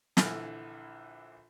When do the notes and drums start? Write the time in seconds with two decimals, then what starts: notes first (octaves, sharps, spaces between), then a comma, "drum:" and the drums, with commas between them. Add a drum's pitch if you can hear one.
0.17 A#1 D3 E3 G#5 F6, drum: snare